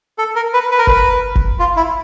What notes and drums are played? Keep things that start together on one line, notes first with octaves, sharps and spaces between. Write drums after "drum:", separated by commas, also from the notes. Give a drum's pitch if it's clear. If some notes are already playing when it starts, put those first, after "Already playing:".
A4
A#4
B4
B4
A#4
B4, drum: kick F#1
drum: kick F#1
F4
E4